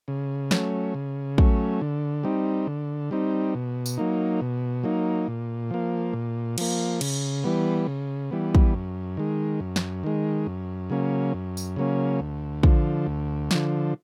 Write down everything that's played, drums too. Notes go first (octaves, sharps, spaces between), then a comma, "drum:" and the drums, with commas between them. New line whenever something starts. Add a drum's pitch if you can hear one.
C#3
F#3 A3 C#4, drum: snare
C#3
F#3 A3 C#4, drum: kick
D3
G3 C4 D#4
D3
G3 C4 D#4
B2
drum: tambourine
F#3 A#3 D#4
B2
F#3 A#3 D#4
A#2
F3 A#3
A#2
F3 A#3, drum: cymbal
C#3, drum: cymbal
E3 G3 B3
C#3
E3 G3 B3
drum: kick
F#2
D#3 G#3
F#2
drum: snare
D#3 G#3
F#2
C#3 F#3 A#3 C#4
F#2
drum: tambourine
C#3 F#3 A#3 C#4
D2
D3 F3, drum: kick
D2
D3 F3, drum: snare